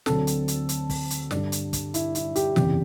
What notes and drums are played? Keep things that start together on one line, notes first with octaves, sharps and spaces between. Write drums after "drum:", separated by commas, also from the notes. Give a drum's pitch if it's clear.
D2 D3 F#3 C4 A4, drum: snare
drum: hi-hat
drum: hi-hat
drum: hi-hat
drum: kick, open hi-hat
drum: hi-hat
G2 D3 G3 D4 D5, drum: snare
drum: hi-hat
drum: kick, hi-hat
E4, drum: hi-hat
E4, drum: hi-hat
G4, drum: hi-hat
F#1 E2 C3 E3 G4, drum: snare